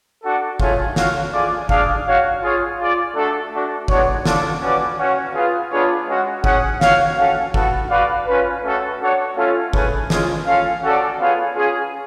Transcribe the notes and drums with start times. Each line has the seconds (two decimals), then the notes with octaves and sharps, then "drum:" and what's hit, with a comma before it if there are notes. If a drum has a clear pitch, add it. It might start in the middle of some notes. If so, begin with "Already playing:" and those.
0.24 D4 F#4 A4
0.60 A3 F4 G#4 C#5, drum: kick
0.96 F#4 C#5 F5, drum: snare
1.32 A3 F4 G#4 D5
1.69 D4 G#4 D5 F5, drum: kick
2.06 F#4 C#5 F5
2.42 F4 G#4 C#5 F5
2.79 F4 G#4 D5
3.15 A3 D4 F#4 A4
3.51 A3 D4 F#4
3.88 G#3 B3 D4 F#4 C#5, drum: kick
4.26 D4 F4 A4, drum: snare
4.61 C#4 F#4 B4 D5 F5
4.98 C#4 F#4 C#5 F5
5.35 F4 G#4 B4 F5
5.71 B3 D4 F4 G#4 C#5
6.07 G#3 C#4 F#4
6.44 C#4 G#4 C#5 F#5, drum: kick
6.81 F#4 C#5 F5, drum: snare
7.17 C#4 F#4 A4 F5
7.54 B3 F#4 A4, drum: kick
7.90 F#4 B4 D5 F5
8.27 C#4 F4 B4
8.63 A3 C#4 F#4 A4
9.00 D4 F#4 A4 C#5 F#5
9.37 A3 C#4 F4 A4 F5
9.73 A3 C#4 G#4 B4, drum: kick
10.10 G#3 C#4 F4 G#4, drum: snare
10.47 C#4 F4 A4 F5
10.82 C#4 F#4 A4 D5
11.19 B3 F4 G#4 C#5 F5
11.56 C#4 F4 G#4